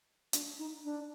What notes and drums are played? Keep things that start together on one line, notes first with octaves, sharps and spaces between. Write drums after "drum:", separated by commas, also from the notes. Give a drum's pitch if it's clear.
D4, drum: hi-hat
D#4
D4